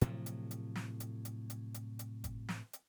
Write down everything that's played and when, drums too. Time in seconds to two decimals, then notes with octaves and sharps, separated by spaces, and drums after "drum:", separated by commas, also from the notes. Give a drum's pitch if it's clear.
0.01 A2 C3 F3 F#3, drum: hi-hat
0.26 drum: hi-hat
0.51 drum: hi-hat
0.76 drum: snare
1.00 drum: hi-hat
1.25 drum: hi-hat
1.50 drum: hi-hat
1.74 drum: hi-hat
1.99 drum: hi-hat
2.24 drum: kick G1, hi-hat
2.49 drum: snare
2.73 drum: hi-hat